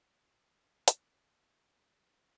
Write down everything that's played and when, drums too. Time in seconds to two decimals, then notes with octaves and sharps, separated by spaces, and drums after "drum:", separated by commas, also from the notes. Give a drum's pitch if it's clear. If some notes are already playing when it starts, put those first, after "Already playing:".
0.05 A#3
0.20 A1
0.56 D4
0.70 F#2
0.88 F#3, drum: hi-hat
1.01 B2
1.20 A1
1.33 C#2
1.63 G1
1.77 G#2
1.96 F3
2.15 A1